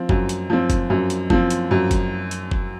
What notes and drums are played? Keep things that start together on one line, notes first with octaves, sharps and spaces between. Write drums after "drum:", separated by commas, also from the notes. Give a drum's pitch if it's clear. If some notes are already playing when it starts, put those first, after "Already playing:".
Already playing: F3 C4
F#2, drum: kick F#1
drum: hi-hat
F3 C4
drum: kick F#1, hi-hat
F#2
drum: hi-hat
F3 C4, drum: kick F#1
drum: hi-hat
F#2
drum: kick F#1, hi-hat
drum: hi-hat
drum: kick F#1